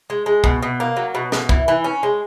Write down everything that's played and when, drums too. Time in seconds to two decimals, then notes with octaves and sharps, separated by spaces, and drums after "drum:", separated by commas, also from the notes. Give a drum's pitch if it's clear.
0.10 G#3
0.26 G#3
0.44 B2, drum: kick
0.62 B2
0.80 A#3
0.96 F#3
1.15 B2
1.32 B2, drum: snare
1.49 E3, drum: kick
1.68 E3
1.84 C#4
2.03 G#3